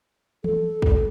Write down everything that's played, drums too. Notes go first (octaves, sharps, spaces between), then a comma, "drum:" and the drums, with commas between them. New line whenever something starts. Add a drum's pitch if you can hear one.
A4, drum: tom E3
drum: kick